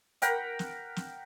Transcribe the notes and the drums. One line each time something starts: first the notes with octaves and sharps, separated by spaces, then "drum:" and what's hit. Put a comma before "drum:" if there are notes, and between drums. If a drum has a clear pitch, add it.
A#4 F#5 G5 B5, drum: hi-hat
drum: snare
drum: snare